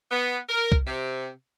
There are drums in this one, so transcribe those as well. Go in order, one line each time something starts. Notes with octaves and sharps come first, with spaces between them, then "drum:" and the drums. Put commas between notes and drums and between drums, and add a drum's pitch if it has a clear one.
B3
A#4
drum: kick C2
C3